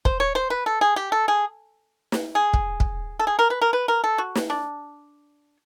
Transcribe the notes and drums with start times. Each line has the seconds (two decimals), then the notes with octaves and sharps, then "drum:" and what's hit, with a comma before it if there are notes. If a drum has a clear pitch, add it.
0.05 C5, drum: kick
0.20 C#5
0.35 C5
0.50 B4
0.66 A4
0.81 G#4
0.96 G4
1.12 A4
1.28 G#4
2.12 drum: snare
2.35 G#4
2.54 drum: kick
2.80 drum: kick
3.19 A4
3.27 G#4
3.39 A#4
3.50 B4
3.61 A#4
3.73 B4
3.88 A#4
4.04 A4
4.18 F#4
4.35 drum: snare
4.50 D4